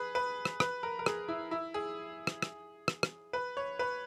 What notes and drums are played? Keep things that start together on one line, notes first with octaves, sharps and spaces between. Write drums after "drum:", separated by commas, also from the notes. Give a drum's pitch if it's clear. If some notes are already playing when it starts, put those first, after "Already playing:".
Already playing: G#4 B4
B4
drum: rim click
B4, drum: rim click
A#4
A#4
G#4, drum: rim click
E4
E4
G#4
drum: rim click
drum: rim click
drum: rim click
drum: rim click
B4
C#5
B4